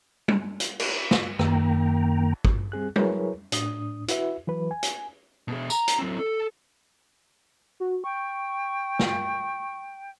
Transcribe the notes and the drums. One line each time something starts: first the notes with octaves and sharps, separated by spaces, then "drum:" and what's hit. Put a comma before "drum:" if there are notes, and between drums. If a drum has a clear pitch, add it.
drum: tom
drum: hi-hat
drum: cymbal
drum: snare
F#2 D#3 A#3 G5 A#5, drum: rim click
drum: kick
G3 C4 G#4 F#6
F#3 E4 G#4 A#4 B4 C#5, drum: tom
A2 D4 D#6, drum: hi-hat
E4 F#4 B4 E5, drum: hi-hat
E3 F#3 B4
G#5
drum: hi-hat
B2 G#4
A#5, drum: tambourine
drum: hi-hat
F#3 C4
A4
F#4
G5 C#6
drum: snare